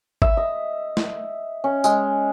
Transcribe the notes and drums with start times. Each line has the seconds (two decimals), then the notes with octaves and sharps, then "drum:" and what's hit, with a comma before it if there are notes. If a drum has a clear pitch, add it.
0.22 E5, drum: kick
0.37 D#5
0.97 drum: snare
1.64 C#4
1.84 G#3, drum: tambourine